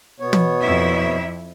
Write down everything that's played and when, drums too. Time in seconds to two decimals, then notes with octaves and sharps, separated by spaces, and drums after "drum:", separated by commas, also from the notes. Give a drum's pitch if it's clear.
0.20 B2 B3 C#5
0.33 drum: tom
0.60 F2 E4 E5